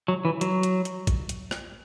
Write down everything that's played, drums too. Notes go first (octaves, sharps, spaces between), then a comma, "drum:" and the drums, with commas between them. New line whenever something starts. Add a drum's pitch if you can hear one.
F#3
E3
F#3, drum: hi-hat
drum: hi-hat
drum: hi-hat
drum: kick A1, hi-hat
drum: hi-hat
drum: rim click